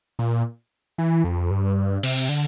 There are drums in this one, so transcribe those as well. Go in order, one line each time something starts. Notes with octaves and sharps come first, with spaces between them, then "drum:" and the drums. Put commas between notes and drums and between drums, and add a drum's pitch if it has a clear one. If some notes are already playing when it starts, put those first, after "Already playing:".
A#2
E3
F2
G2
C3, drum: cymbal
D3